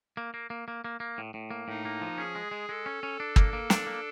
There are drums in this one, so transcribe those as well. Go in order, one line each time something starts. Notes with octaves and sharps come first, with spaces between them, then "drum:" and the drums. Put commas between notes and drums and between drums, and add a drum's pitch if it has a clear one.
A#3
A#3
A#3
A#3
A#3
A#3
A2
A2
A#3
A2 D#4
A#3
F3
C#4 G#4
G#3
G#3
G#3 A4
C#4
C#4
D4
A#3, drum: kick
A#3
D4, drum: snare
A#3